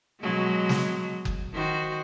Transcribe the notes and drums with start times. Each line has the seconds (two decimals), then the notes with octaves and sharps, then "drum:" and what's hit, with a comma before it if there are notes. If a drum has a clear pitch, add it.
0.20 B2 F#3 G#3
0.69 drum: snare
1.25 drum: kick F#1
1.53 D#3 F#4 C5